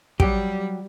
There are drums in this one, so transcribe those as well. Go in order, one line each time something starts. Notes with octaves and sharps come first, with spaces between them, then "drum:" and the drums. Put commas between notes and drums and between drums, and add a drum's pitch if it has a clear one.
F#3 G3 G4, drum: kick